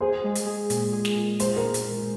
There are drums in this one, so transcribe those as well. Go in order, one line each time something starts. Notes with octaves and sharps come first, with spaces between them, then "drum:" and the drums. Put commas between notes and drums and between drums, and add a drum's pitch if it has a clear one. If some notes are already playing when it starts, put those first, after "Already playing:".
G#4 C5
G#3
drum: hi-hat
G#4
A#2, drum: hi-hat
G#4
drum: snare
A#2
G#3 C5, drum: hi-hat
A#4
drum: hi-hat